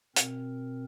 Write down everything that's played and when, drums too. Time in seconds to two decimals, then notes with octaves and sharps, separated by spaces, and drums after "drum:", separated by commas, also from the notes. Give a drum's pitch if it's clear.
0.16 B2 C4 A#4, drum: hi-hat